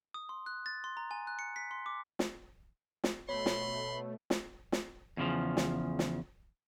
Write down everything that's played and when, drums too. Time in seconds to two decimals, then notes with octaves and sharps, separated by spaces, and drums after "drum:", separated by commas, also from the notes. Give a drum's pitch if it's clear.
0.14 D#6
0.29 C6
0.46 F#6
0.66 A6
0.84 C6
0.97 A#5
1.11 G#5
1.27 F#6
1.39 C#7
1.56 B6
1.71 C6
1.86 D6
2.19 drum: snare
3.04 drum: snare
3.29 B2 A3 C#5 B5 C6
3.46 drum: snare
4.30 drum: snare
4.72 drum: snare
5.17 E2 C#3 F3
5.57 drum: snare
5.99 drum: snare